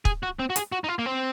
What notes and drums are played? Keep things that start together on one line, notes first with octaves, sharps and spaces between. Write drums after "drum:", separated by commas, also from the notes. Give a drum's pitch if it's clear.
G#4, drum: kick
F#4
C4
F#4
G#4, drum: hi-hat
F#4
D#4
F4
A#3
C4